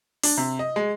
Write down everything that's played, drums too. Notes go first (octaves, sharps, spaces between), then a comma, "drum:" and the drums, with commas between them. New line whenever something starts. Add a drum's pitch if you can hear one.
D4, drum: open hi-hat
C3
D#5
G#3